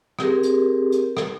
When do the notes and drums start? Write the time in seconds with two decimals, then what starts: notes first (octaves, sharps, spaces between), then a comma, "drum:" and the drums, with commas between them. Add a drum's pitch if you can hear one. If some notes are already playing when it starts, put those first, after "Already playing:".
0.19 C4 G4 G#4 A#4, drum: rim click
0.43 drum: hi-hat
0.92 drum: hi-hat
1.17 drum: rim click